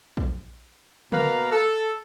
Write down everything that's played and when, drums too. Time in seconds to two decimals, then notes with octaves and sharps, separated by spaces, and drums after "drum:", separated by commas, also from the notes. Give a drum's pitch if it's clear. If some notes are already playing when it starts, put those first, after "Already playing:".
0.17 drum: kick A#1
1.12 B2 A#3 A#4 B4 F5 A#5, drum: tom C#3
1.51 A4